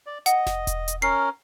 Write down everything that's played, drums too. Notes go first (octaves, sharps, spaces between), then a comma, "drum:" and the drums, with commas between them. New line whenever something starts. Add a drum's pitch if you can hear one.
D5
D#5 F#5, drum: hi-hat
drum: snare F1
drum: kick E1, hi-hat
drum: hi-hat
C#4 A#4 C7